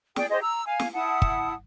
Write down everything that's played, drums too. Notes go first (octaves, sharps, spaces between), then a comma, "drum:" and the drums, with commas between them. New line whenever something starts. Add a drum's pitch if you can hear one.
G#4 D5 G5, drum: snare
G4 G#4 C5 D#5
A#5 E6
F5 G#5
drum: snare
E4 F#5 A5 D#6
drum: kick